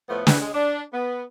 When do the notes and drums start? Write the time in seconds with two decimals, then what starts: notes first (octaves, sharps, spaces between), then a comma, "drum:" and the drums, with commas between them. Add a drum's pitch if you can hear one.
0.09 A2 F3 A3 B3
0.27 E4 F#4 G#4 B4, drum: snare
0.41 G#3
0.54 D4
0.93 B3